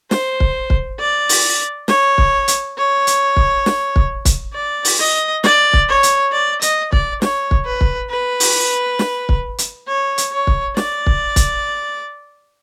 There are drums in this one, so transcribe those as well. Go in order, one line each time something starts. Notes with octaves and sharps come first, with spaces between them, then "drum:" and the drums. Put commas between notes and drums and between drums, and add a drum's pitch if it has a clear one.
C5, drum: snare
drum: kick
drum: kick
D5
drum: open hi-hat
C#5, drum: snare
drum: kick
drum: hi-hat
C#5
drum: hi-hat
drum: kick
drum: snare
drum: kick
drum: kick, hi-hat
D5
drum: open hi-hat
D#5
D5, drum: snare
drum: kick
C#5
drum: hi-hat
D5
D#5, drum: hi-hat
D5, drum: kick
C#5, drum: snare
drum: kick
B4
drum: kick
B4
drum: open hi-hat
drum: snare
drum: kick
drum: hi-hat
C#5
drum: hi-hat
C#5
drum: kick
D5, drum: snare
drum: kick
drum: kick, hi-hat